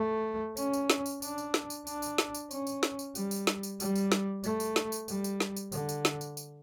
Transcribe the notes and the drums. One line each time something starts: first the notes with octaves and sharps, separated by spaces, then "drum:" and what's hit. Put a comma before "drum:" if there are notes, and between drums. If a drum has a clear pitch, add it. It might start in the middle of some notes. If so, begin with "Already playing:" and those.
Already playing: A3
C#4, drum: tambourine
drum: tambourine
drum: snare
drum: tambourine
D4, drum: tambourine
drum: tambourine
drum: snare
drum: tambourine
D4, drum: tambourine
drum: tambourine
drum: snare
drum: tambourine
C#4, drum: tambourine
drum: tambourine
drum: snare
drum: tambourine
G3, drum: tambourine
drum: tambourine
drum: snare
drum: tambourine
G3, drum: tambourine
drum: tambourine
drum: snare
A3, drum: tambourine
drum: tambourine
drum: snare
drum: tambourine
G3, drum: tambourine
drum: tambourine
drum: snare
drum: tambourine
D3, drum: tambourine
drum: tambourine
drum: snare
drum: tambourine
drum: tambourine